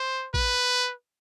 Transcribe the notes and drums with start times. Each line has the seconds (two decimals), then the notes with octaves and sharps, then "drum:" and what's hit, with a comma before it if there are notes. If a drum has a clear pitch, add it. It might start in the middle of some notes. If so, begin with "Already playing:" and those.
Already playing: C5
0.34 B4, drum: kick A1